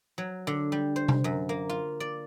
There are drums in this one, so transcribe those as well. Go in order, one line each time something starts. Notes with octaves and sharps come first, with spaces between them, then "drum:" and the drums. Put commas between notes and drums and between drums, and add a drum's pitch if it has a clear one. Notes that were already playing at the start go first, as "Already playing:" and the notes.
F#3
D3
G3
C5
drum: tom C3
F#2
A#3
F4
D5